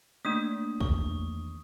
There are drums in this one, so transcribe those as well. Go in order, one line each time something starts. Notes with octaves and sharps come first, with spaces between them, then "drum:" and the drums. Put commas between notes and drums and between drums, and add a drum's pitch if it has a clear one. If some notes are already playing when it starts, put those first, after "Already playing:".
A3 A#3 D4 D#6
E2 D#3 C#6, drum: kick